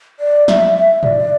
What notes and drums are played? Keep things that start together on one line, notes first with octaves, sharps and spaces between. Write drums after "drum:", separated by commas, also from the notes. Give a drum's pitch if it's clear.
D5
E5, drum: snare
E5
D5, drum: tom G#2